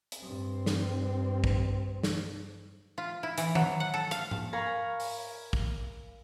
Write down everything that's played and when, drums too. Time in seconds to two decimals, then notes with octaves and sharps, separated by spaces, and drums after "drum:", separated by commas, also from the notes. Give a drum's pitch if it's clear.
0.12 drum: hi-hat
0.22 G2 C4
0.66 drum: snare
1.44 drum: kick
2.03 drum: snare
2.98 F4
3.23 E4
3.38 E3, drum: hi-hat
3.55 F#3, drum: tom D#3
3.80 F#5
3.94 A4
4.11 F5, drum: hi-hat
4.31 drum: tom G#2
4.53 A#4 F5 G#5 A#5 B5 C#6
5.00 drum: open hi-hat
5.53 drum: kick